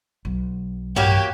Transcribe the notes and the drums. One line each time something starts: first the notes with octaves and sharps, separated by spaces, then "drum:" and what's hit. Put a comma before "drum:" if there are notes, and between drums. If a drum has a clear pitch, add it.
B1
A#3 F#4 G4 C#5, drum: tom G2